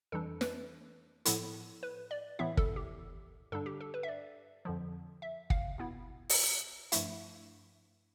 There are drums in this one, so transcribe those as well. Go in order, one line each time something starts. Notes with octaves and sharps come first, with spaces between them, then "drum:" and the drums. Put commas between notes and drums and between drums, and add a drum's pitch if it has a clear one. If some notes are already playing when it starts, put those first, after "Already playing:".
F2 E3 G3 D4 A4
B4, drum: snare
A2 F3 B3 E4 A4, drum: hi-hat
B4
D5
A2 E3 B3 E4 E5
A4, drum: kick
G4
G2 D3 G3 D4 A4
G4
A4
B4
E5
D5
F2 D3 F3
E5
F5, drum: kick
B2 B3 E4
drum: open hi-hat
G2 F3 A3 E4 E5, drum: hi-hat